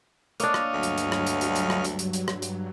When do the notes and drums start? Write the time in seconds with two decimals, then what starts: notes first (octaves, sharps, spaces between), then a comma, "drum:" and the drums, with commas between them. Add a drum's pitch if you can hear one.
0.40 A#3 D4 C#5 D#5 F5, drum: hi-hat
0.54 drum: rim click
0.74 D2 G2 F#3
0.83 drum: hi-hat
0.98 drum: hi-hat
1.12 drum: rim click
1.27 drum: hi-hat
1.41 drum: hi-hat
1.55 drum: hi-hat
1.70 drum: rim click
1.84 drum: hi-hat
1.99 drum: hi-hat
2.13 drum: hi-hat
2.28 drum: rim click
2.42 drum: hi-hat